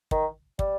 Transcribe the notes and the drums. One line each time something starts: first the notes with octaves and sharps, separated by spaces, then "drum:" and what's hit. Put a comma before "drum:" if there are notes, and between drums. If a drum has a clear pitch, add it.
D#3, drum: kick
G3, drum: kick